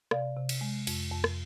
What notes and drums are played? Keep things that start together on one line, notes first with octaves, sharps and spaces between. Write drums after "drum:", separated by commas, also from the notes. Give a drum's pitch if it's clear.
C3 D5 F5, drum: rim click
C3
drum: cymbal
G#3
F2, drum: cymbal
F2
drum: rim click